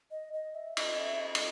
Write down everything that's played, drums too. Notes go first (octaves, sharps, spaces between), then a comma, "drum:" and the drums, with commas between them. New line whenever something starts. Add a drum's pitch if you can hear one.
D#5
D#5
E5
D#5, drum: cymbal
E5
D#5
drum: cymbal